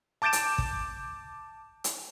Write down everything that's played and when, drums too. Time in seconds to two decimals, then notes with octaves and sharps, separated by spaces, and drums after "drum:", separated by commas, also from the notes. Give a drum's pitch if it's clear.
0.22 A5 D6 G6 A6 D7 E7
0.33 drum: hi-hat
0.58 drum: kick
1.84 drum: hi-hat